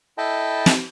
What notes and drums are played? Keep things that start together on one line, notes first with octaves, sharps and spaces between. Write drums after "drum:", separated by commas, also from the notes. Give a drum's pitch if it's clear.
E4 A4 D#5 G5 A5 B5
drum: snare